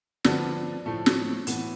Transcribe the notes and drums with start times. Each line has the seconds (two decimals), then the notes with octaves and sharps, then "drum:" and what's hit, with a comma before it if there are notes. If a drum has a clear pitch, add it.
0.24 D3 F3 B3 D4, drum: snare
0.86 A2 F3 A3
1.06 drum: snare
1.47 A2 E3 B3, drum: hi-hat